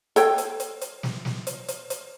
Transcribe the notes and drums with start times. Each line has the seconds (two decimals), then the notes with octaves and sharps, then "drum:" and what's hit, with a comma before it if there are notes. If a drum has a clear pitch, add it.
0.16 A4 C#5 G5, drum: hi-hat
0.38 drum: hi-hat
0.60 drum: hi-hat
0.81 drum: hi-hat
1.03 drum: snare
1.25 drum: snare
1.47 drum: hi-hat
1.68 drum: hi-hat
1.90 drum: hi-hat